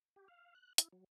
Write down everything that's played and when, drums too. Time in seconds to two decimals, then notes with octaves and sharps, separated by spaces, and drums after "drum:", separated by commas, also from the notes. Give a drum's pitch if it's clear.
0.16 G4
0.28 F5
0.55 F#6
0.78 E4, drum: hi-hat
0.93 F#3